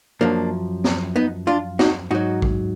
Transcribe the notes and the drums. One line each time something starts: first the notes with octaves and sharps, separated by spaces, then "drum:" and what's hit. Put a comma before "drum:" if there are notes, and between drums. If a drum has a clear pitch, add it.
F#2 F3 A#3 D4
drum: snare
B3 D#4
D4 F4
D#4 F#4, drum: snare
G#2 F#3 D#4 F#4
drum: kick A1